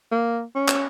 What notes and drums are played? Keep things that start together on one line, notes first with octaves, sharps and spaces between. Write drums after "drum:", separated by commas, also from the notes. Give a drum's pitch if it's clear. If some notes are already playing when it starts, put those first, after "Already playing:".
A#3
C#4
drum: clap